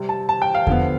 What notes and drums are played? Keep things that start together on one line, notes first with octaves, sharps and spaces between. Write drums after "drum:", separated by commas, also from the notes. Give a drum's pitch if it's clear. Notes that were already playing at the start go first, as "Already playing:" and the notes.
Already playing: C3 G3 C4
A5
A5
G5
F5
D3 F3 B3, drum: kick E2